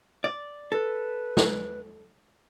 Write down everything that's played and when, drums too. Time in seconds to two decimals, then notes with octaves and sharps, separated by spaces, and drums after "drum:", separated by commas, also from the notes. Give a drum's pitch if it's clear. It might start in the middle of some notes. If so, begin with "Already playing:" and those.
0.24 D5
0.72 A4 B4
1.37 drum: snare